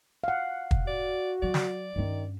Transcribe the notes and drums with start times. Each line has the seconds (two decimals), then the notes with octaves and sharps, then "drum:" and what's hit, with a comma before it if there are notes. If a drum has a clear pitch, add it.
0.24 F5 F#5
0.71 drum: kick
0.87 F#4 D5
1.42 F#3 D5
1.54 drum: snare
1.96 G2 D#3 C#4